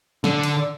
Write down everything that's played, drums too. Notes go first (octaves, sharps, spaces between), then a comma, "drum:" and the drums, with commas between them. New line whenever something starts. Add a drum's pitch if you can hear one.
D3, drum: snare
drum: hi-hat